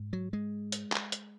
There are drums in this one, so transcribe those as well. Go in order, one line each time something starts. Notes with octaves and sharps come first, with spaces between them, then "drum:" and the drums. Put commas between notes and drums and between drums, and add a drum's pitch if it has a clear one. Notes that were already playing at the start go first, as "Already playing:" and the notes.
Already playing: G#2
F#3
G#3
drum: hi-hat
drum: clap
drum: hi-hat